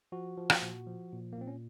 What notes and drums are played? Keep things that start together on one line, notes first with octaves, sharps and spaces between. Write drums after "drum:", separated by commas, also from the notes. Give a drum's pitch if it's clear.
F3 F#4
F3
drum: rim click
A#2
F3
A#2
A#3
A#2 C4
C#4